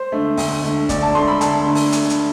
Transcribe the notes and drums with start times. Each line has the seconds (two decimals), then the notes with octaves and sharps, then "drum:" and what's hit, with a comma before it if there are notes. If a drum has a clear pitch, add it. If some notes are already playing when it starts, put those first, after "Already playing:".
Already playing: C5
0.12 D3 A3
0.37 D2, drum: open hi-hat
0.64 D3 A3
0.89 D2 D5, drum: kick, hi-hat
1.02 A5
1.15 D3 A3 C6
1.27 B5
1.41 D2 A5, drum: hi-hat
1.66 D3 A3
1.75 drum: open hi-hat
1.92 drum: hi-hat
2.10 drum: hi-hat